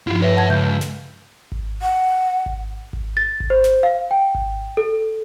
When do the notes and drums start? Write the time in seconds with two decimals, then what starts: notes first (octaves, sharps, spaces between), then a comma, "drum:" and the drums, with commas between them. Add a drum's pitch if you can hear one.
0.07 G2 F3 E4 F4
0.22 B4 C#5 E5
0.36 F#5 A5 G#6
0.50 C#2 G6
0.81 drum: snare
1.52 drum: kick G#1
1.82 F#5
2.46 drum: kick G#1
2.93 drum: kick G#1
3.17 A6
3.40 drum: kick G#1
3.50 C5
3.64 drum: snare
3.83 F5
4.11 G5
4.35 drum: kick G#1
4.77 A4